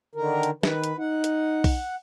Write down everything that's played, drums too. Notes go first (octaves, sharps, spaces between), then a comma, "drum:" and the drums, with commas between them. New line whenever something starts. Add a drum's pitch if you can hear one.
D3 D#3 A#4
drum: hi-hat
D#3 B4, drum: snare
drum: hi-hat
D#4 F#5
drum: hi-hat
drum: kick B1, open hi-hat